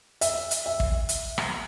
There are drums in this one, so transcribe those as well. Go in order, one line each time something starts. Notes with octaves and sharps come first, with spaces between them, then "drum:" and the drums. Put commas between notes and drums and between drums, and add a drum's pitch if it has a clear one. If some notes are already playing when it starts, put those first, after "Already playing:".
E5, drum: hi-hat
drum: hi-hat
E5
drum: kick
drum: hi-hat
drum: rim click